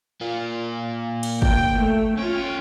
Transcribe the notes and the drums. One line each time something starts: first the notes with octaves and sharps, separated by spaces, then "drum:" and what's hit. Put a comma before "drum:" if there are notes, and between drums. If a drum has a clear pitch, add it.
A#3 F4
drum: cymbal
G5, drum: kick
A3
C2 C#4 F4 G5